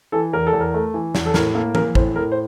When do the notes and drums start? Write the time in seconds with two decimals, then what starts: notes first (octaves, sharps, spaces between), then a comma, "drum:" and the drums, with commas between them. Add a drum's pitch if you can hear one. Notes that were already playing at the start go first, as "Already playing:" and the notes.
0.12 E3 A4
0.33 E2 A#4
0.47 A4
0.53 E2
0.60 A#4
0.74 A3
0.94 E3
1.15 E2, drum: snare
1.26 A4
1.34 A2 A#4, drum: snare
1.55 A#3 A4
1.75 E3 A#4, drum: tom E3
1.95 A2 C5, drum: kick
2.16 A2 A#4
2.32 C5